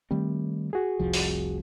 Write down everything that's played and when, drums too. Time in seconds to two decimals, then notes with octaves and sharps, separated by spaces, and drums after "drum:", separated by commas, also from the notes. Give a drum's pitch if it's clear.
0.11 D#3 G3 A3 C4
0.73 F#4 G#4
1.00 F1 C2 F3
1.14 drum: open hi-hat